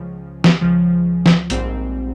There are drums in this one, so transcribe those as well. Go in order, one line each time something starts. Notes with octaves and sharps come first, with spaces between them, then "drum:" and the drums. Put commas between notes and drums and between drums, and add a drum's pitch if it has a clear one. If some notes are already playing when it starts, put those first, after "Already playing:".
Already playing: C#2 C#3 F3
drum: snare
C#2 C#3 F3
drum: snare
A#1 G#2 G3 C4, drum: hi-hat